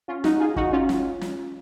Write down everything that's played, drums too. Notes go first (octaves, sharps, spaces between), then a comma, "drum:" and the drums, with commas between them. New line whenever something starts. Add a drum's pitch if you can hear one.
C#4 F4
D#4 F#4, drum: snare
F4 G#4
D#4 F#4, drum: kick F#1
C#4 F4
drum: snare
drum: snare